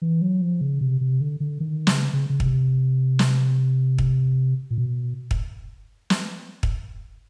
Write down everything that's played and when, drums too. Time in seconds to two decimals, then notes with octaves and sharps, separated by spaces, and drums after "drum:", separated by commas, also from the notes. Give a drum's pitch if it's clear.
0.02 E3
0.22 F#3
0.41 F3
0.61 C#3
0.81 C3
1.01 C3
1.21 D3
1.40 D3
1.60 D#3
1.87 C#3, drum: snare
2.13 C#3
2.30 C#3
2.40 C3, drum: kick
3.19 drum: snare
3.98 drum: kick
4.71 A#2
4.78 B2
5.31 drum: kick
6.10 drum: snare
6.63 drum: kick